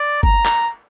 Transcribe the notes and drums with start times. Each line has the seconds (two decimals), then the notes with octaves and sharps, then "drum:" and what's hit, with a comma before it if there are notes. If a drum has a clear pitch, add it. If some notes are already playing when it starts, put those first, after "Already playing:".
Already playing: D5
0.23 A#5, drum: kick G1
0.46 drum: clap